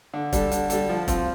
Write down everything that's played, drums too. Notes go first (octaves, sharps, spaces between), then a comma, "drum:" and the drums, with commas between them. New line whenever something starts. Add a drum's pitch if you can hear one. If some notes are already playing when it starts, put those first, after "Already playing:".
D3
G3 D4 A4, drum: kick, hi-hat
D3, drum: hi-hat
G3 D4 A4, drum: hi-hat
F3
C4 F4, drum: kick, hi-hat